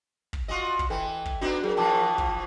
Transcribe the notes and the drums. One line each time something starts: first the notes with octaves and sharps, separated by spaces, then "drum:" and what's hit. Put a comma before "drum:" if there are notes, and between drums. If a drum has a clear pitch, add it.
drum: kick
F4 F#4 D#5
drum: kick
E3 A4 G5
drum: kick
B3 D4 D#4 F#4
F#3 G#4 A#4
B2 E3 F3 G5 A5 D6
drum: kick